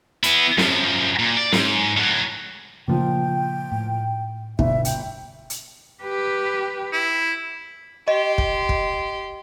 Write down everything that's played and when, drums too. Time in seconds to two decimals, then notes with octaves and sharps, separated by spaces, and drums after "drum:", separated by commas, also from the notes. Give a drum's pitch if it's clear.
0.23 B3 E4, drum: hi-hat
0.58 F#2 F3, drum: snare
1.19 A#2
1.37 D5
1.52 G#2, drum: snare
1.97 A2 F#3
2.88 A#2 C#3 F3 G5
3.72 A2
4.59 G1 B2 E5, drum: kick
4.85 G5, drum: hi-hat
5.50 drum: hi-hat
6.03 G4 B4
6.93 E4
8.08 G4 D#5 C6
8.38 drum: kick
8.69 drum: kick